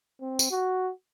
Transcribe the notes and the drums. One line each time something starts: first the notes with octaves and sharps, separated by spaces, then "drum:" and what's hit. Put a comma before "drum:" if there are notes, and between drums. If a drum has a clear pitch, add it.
C4
drum: tambourine
F#4